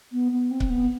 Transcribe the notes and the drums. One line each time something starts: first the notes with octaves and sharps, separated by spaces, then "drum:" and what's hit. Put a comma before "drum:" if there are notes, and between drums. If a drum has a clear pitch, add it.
B3
B3
C4
drum: kick C#1
B3